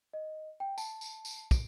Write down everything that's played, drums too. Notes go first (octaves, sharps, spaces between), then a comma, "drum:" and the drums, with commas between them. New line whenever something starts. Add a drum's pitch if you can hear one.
D#5
G5
A5, drum: tambourine
drum: tambourine
drum: tambourine
D7, drum: kick, tambourine